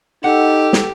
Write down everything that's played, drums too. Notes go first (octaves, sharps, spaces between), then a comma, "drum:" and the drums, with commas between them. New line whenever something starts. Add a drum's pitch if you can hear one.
D#4 G4 A4 F#5
drum: snare